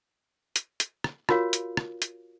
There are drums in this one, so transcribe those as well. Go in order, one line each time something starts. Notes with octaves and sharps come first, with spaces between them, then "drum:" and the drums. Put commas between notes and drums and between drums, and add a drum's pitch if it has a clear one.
drum: hi-hat
drum: hi-hat
drum: rim click
F4 F#4 A#4 C#5 F5, drum: rim click
drum: hi-hat
drum: rim click
drum: hi-hat